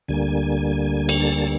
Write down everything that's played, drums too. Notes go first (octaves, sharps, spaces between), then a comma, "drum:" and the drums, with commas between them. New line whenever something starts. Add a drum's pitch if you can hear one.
D2 D3 G3 A#3 G#5
drum: cymbal
A5
A5